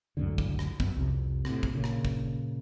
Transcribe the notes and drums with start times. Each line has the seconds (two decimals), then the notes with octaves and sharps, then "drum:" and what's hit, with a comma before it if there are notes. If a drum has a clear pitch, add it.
0.17 C#2 F#2 A2 D3
0.38 drum: kick
0.59 drum: rim click
0.80 F#2 B3, drum: kick
0.96 C2 F2 C3
1.45 A2 C3, drum: rim click
1.63 drum: kick
1.74 A#2 C#3
1.84 drum: rim click
2.05 drum: kick